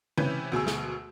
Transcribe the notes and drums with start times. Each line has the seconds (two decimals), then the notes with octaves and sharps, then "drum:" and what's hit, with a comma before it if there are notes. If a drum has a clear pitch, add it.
0.17 C3 E3 C#4 B4 G6, drum: tom C#3
0.52 D2 B2 G#4 E6
0.67 drum: snare